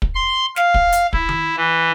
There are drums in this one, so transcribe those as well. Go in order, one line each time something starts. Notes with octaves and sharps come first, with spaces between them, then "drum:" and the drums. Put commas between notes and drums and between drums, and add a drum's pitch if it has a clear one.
drum: kick
C6
F5, drum: snare
drum: kick
drum: hi-hat
E4, drum: kick
drum: tom D#3
E3